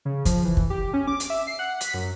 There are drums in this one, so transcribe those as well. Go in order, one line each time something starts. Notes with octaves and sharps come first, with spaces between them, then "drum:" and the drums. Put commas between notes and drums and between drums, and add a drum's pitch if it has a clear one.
C#3
F3, drum: kick, hi-hat
E3
drum: kick
G4
C#4
D6
drum: hi-hat
E5
C7
F#5
B6, drum: hi-hat
F#2